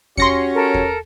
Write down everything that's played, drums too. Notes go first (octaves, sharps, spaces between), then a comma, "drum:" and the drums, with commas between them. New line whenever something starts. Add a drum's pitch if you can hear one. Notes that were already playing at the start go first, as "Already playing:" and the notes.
C#4 F#4 G4 C#5 C6 A#6 C#7, drum: kick E2
A4 A#4
drum: kick E2